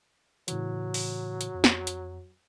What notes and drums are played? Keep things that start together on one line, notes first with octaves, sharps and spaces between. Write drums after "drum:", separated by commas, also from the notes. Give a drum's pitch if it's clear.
A2 C#3 E3 F#3, drum: hi-hat
drum: open hi-hat
drum: hi-hat
F2
drum: snare
drum: hi-hat